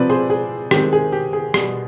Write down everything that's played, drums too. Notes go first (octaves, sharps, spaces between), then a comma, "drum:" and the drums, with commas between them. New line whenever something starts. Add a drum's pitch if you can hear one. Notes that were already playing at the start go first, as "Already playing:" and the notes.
Already playing: C3 F3 C4 B4 D5
G#4 C5
G#4
D#3 G#3 C4 G4, drum: rim click
G#4
G4
G#4
B2 G3 B3, drum: rim click